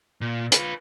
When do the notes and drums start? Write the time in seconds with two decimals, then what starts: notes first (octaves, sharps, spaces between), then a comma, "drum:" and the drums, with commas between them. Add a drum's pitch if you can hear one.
0.21 A#2
0.52 F4 B4, drum: hi-hat